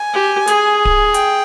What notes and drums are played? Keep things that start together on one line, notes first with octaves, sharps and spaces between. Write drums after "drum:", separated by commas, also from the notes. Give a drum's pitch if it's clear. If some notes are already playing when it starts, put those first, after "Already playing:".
Already playing: G#5
G4
G#4, drum: hi-hat
drum: kick D1
G5, drum: hi-hat